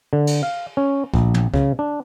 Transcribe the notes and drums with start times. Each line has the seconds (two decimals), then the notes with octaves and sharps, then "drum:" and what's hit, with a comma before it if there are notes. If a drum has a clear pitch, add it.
0.13 D3
0.27 drum: cymbal
0.43 F5
0.77 C#4
1.14 A#1, drum: kick
1.34 drum: tom
1.54 C#3, drum: kick
1.79 D4